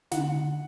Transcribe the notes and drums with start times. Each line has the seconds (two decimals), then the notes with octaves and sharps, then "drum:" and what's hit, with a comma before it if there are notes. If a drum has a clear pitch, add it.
0.11 D3 F#5, drum: snare
0.36 D3